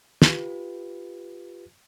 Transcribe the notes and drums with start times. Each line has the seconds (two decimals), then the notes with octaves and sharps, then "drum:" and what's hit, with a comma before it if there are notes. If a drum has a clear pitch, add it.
0.22 F4 G4 B4, drum: snare